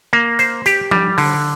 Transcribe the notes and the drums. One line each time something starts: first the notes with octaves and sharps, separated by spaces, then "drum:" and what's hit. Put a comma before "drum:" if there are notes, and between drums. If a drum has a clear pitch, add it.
A#3
C5, drum: hi-hat
G4, drum: hi-hat
G3, drum: tom F3
D3, drum: open hi-hat